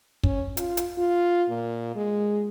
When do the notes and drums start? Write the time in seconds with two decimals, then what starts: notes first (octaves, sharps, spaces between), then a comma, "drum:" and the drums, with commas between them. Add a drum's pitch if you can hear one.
0.24 C#4, drum: kick
0.57 F4, drum: hi-hat
0.77 drum: hi-hat
0.98 F4
1.49 A#2
1.95 G#3